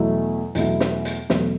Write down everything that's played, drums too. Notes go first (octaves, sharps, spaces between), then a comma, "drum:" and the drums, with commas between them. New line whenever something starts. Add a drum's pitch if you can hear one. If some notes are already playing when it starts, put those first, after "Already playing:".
Already playing: E2 B2 F#3 A3 E4
E2 B2 F#3 A3 E4, drum: hi-hat
drum: snare
drum: hi-hat
E2 B2 F#3 A3 E4, drum: snare